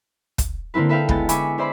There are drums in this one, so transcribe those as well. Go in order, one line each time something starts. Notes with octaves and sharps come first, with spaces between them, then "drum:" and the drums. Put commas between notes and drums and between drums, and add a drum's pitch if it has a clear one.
drum: kick, hi-hat
D3 A#3 C4 E4 B4
A4 B4 E5 F5 G5
G#3 B3 G5 A6, drum: kick
E5 G#5 B5 C#6 D6, drum: hi-hat
C#4 C5 D5 E5 B5 C6